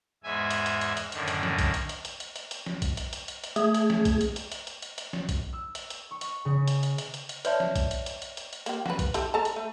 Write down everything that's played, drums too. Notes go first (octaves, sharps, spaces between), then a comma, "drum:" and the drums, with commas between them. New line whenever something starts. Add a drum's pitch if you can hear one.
E2 G#2 E5 G#5
drum: hi-hat
drum: hi-hat
drum: hi-hat
drum: hi-hat
F#2 A2 D3 D#3, drum: hi-hat
drum: hi-hat
drum: snare
drum: kick, hi-hat
drum: hi-hat
drum: hi-hat
drum: hi-hat
drum: hi-hat
drum: hi-hat
drum: hi-hat
drum: snare
drum: kick, hi-hat
drum: hi-hat
drum: hi-hat
drum: hi-hat
drum: hi-hat
A3 G#4, drum: hi-hat
drum: hi-hat
drum: snare
drum: kick, hi-hat
drum: hi-hat
drum: hi-hat
drum: hi-hat
drum: hi-hat
drum: hi-hat
drum: hi-hat
drum: snare
drum: kick, hi-hat
E6
drum: hi-hat
drum: hi-hat
C#6
drum: hi-hat
C#3
drum: hi-hat
drum: hi-hat
drum: hi-hat
drum: hi-hat
drum: hi-hat
B4 C#5 D5 E5 A5, drum: hi-hat
drum: snare
drum: kick, hi-hat
drum: hi-hat
drum: hi-hat
drum: hi-hat
drum: hi-hat
drum: hi-hat
A#3 G4, drum: hi-hat
F#4 B4, drum: snare
drum: kick, hi-hat
E3 G4 A4, drum: hi-hat
A4 A5 A#5
drum: hi-hat
A3